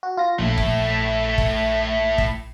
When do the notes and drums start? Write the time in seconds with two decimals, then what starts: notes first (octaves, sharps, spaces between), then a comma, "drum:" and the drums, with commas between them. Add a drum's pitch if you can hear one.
0.03 F#4
0.17 F4 A#6
0.39 A#1 A3 E4
0.58 drum: kick
1.38 drum: kick
2.18 drum: kick